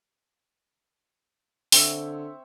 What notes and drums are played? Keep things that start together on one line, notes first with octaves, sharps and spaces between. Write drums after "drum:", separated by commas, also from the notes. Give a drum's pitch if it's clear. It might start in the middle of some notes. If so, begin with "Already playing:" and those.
D3 C4 C#5 E5, drum: open hi-hat